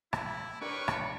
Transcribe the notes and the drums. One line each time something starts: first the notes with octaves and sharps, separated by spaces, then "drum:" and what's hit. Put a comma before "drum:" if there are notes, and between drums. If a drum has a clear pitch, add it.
E4, drum: rim click
D4 G4 A#4 B4 C#5 C#6 D7
drum: rim click